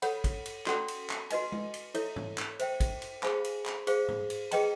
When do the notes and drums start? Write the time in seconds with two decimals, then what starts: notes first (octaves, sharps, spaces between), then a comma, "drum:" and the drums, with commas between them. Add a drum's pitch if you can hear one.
0.02 A4 C#5 F#5 B5, drum: cymbal
0.24 drum: kick, cymbal
0.45 drum: cymbal
0.66 C#4 F#4 A4 D5 F#5, drum: clap
0.88 drum: cymbal
1.10 drum: clap
1.30 F#4 B4 D#5 G#5, drum: cymbal
1.52 drum: tom G#3
1.74 drum: cymbal
1.94 E4 A4 C#5 E5, drum: cymbal
2.16 drum: tom G#2
2.38 drum: clap
2.59 C5 E5 G5, drum: cymbal
2.80 drum: kick, cymbal
3.02 drum: cymbal
3.23 G#4 C5 F5 G#5 B5, drum: clap
3.44 drum: cymbal
3.66 drum: clap
3.87 G#4 C5 F5, drum: cymbal
4.09 drum: tom G#2
4.30 drum: cymbal
4.51 G#4 B4 D#5 G5 A#5, drum: cymbal